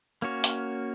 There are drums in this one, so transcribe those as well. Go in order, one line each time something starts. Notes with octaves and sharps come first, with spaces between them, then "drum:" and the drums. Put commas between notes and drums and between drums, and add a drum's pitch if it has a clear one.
A#3 C#4 F#4 C#5
drum: hi-hat